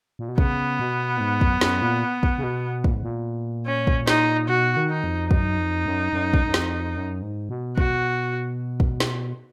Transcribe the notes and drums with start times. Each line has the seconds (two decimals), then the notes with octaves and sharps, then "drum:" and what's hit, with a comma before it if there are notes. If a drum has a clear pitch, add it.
0.19 A#2
0.29 B2
0.38 C#3 B3, drum: kick
0.80 B2
1.17 A#2
1.20 G#2
1.41 F#2, drum: kick
1.61 F#2, drum: snare
1.82 A#2
2.23 drum: kick
2.38 C#3
2.44 B2
2.84 A#2, drum: kick
2.94 G#2
3.03 A#2
3.66 C#4
3.87 drum: kick
4.08 D#4, drum: snare
4.48 B2 F#4
4.77 D#3
4.90 D#4
5.04 F2
5.31 F#2 D#4, drum: kick
5.58 F2
5.86 F#2
6.13 F#2
6.34 drum: kick
6.46 F#2
6.54 F2, drum: snare
6.95 F#2
7.22 G#2
7.49 B2
7.78 F#4, drum: kick
8.80 drum: kick
9.00 drum: snare